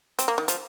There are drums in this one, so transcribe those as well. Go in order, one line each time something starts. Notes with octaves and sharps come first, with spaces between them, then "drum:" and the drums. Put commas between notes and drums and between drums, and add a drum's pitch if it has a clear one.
C4, drum: hi-hat
A#3
D#3
F3, drum: hi-hat